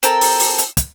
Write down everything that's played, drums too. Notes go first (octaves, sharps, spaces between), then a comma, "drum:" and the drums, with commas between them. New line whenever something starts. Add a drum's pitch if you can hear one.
C4 A4 A#4, drum: hi-hat
drum: open hi-hat
drum: open hi-hat
drum: hi-hat
drum: kick, hi-hat